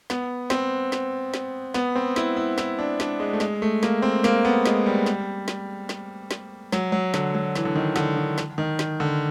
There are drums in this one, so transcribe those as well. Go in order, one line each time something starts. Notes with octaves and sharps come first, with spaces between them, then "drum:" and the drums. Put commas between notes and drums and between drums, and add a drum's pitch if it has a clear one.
B3, drum: snare
C4, drum: snare
drum: snare
drum: snare
B3, drum: snare
C4
E4, drum: snare
E4
E4, drum: snare
D4
D4, drum: snare
G#3
A3
G#3, drum: snare
A3
A#3, drum: snare
C4
A#3, drum: snare
B3
G#3, drum: snare
G3
drum: snare
drum: snare
drum: snare
drum: snare
F#3, drum: snare
F#3
D3, drum: snare
F#3
E3, drum: snare
D3
D#3
D3, drum: snare
D#3
drum: snare
D#3
drum: snare
D3